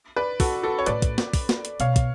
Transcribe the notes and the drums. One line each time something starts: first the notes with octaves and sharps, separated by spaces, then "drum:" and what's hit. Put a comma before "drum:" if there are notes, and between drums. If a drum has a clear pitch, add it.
B4 D5
F#4 A4, drum: kick, open hi-hat
F#4 A4
C#5
A2 B4 D5, drum: hi-hat
drum: kick, hi-hat
drum: snare
drum: kick, open hi-hat
drum: snare
drum: hi-hat
B2 C#5 F5, drum: hi-hat
drum: kick, hi-hat